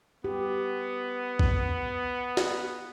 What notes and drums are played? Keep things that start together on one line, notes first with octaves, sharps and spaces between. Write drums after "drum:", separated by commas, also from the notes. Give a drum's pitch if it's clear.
B3 G4
drum: kick A#1
drum: snare